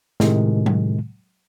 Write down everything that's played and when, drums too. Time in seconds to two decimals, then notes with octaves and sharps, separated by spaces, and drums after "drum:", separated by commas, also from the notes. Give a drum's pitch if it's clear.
0.20 A2 C3 D#3 G#3, drum: snare
0.66 drum: tom F#3